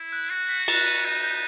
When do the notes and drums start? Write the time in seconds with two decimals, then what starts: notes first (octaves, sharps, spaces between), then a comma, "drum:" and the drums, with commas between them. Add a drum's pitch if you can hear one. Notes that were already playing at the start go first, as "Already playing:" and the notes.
Already playing: E4
0.12 F#6
0.30 F#4 F#6
0.49 B6
0.68 A6, drum: cymbal
0.86 D#7
1.04 D#4 D#7
1.23 G6